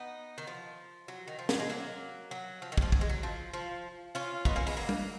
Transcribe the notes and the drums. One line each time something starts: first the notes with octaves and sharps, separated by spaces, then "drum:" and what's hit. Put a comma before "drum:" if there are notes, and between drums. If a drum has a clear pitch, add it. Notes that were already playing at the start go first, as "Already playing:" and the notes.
Already playing: B3 D#4
D#3
F3
F#3
D#3
F3
F#3, drum: snare
G#3
F#3 A#3
F#3
F3
D#3
F#3, drum: kick
F3
F#3, drum: kick
G#3
F#3
F3
F3
C#4 F4
B3 D#4, drum: kick
A#3 C#4
G#3 B3, drum: open hi-hat
F#3 A#3
drum: tom